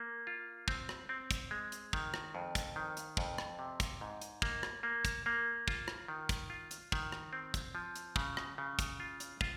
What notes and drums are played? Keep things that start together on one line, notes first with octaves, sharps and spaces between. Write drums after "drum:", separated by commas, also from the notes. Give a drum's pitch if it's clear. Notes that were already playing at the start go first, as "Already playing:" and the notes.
Already playing: A#3
F4
C4, drum: kick
drum: rim click
C4
drum: kick, hi-hat
G#3
drum: hi-hat
D#3, drum: kick
drum: rim click
F2
drum: kick, hi-hat
D#3
drum: hi-hat
F2, drum: kick
drum: rim click
C3
drum: kick, hi-hat
G#2
drum: hi-hat
A#3, drum: kick
drum: rim click
A#3
drum: kick, hi-hat
A#3
F4, drum: kick
drum: rim click
D#3
drum: kick, hi-hat
F4
drum: hi-hat
D#3, drum: kick
drum: rim click
C4
drum: kick, hi-hat
F3
drum: hi-hat
C#3, drum: kick
drum: rim click
C#3
drum: kick, hi-hat
F4
drum: hi-hat
F4, drum: kick